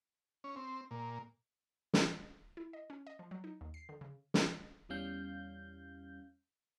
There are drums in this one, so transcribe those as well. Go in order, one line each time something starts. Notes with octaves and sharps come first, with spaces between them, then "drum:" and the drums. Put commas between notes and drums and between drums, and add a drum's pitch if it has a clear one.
C#4
C4
A#2
drum: snare
E4
D#5
C#4
D#5
F3
F#3
D#4
D#2
C7
D3
C#3
drum: snare
E2 E3 G3 C#4 F5 G6